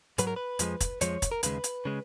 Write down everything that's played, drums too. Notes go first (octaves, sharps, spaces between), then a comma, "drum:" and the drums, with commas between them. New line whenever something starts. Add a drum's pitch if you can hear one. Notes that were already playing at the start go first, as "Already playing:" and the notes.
G#2 F#3 B4, drum: hi-hat
A#4
B4
F2 F3 G#3, drum: hi-hat
drum: kick, hi-hat
F2 F3 G#3 C#5, drum: hi-hat
drum: kick, hi-hat
A#4
D#2 C#3 G#3 B4, drum: hi-hat
drum: hi-hat
C#3 G#3